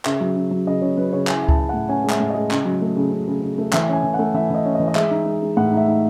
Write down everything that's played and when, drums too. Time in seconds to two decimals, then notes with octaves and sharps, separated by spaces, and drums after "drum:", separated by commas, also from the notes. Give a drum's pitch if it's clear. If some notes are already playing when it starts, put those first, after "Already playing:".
0.05 C#3 E5, drum: clap
0.21 F#3
0.36 C#3
0.51 F#3
0.67 C#3 D#5
0.81 C#3 C#5
0.97 F#3 B4
1.13 C#3 C#5
1.27 E4 G#5, drum: clap
1.43 E4
1.49 A5, drum: kick C#2
1.59 E4
1.69 A2 F#5
1.89 C#4 G#5
2.04 G#3
2.10 E5, drum: clap
2.20 A2
2.30 D#5
2.35 G#3
2.51 C#3, drum: clap
2.65 F#3
2.82 A3
2.97 C#3
3.11 C#3
3.28 C#3
3.42 C#3
3.58 A3
3.73 E3 E5, drum: clap
3.89 C#4 G#5
4.04 E3
4.14 A3 F#5
4.34 E3 E5
4.50 E3 D#5
4.65 C#4
4.75 D#5
4.80 E3
4.88 D#5
4.95 G#3 E5, drum: clap
5.11 D#4
5.26 G#3
5.42 G#3
5.57 A2 F#5
5.73 D#4 E5
5.88 D#4